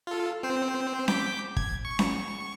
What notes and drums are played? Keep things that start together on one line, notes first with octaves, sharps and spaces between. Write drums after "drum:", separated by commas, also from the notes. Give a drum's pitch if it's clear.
F4 A4
C4 C5
D6 G6 B6, drum: snare C#4
G#6, drum: kick
C#6
drum: snare C#4